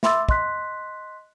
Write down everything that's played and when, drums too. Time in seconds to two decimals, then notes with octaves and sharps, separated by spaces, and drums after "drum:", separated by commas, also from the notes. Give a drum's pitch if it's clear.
0.03 E5 B5 C6 D6 E6 A6, drum: snare
0.29 D#5 C6 F#6 B6, drum: kick